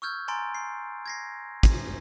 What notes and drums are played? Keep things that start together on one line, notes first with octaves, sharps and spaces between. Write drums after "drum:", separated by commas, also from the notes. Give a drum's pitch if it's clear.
C#6 E6 F6 G6 G#6
G#5 A#5 C6 A6 D7
C7
G#6 A#6 C7
drum: kick, hi-hat